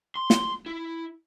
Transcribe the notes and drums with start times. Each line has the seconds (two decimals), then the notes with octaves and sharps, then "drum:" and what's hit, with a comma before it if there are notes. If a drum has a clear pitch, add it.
0.16 C6
0.30 drum: snare
0.66 E4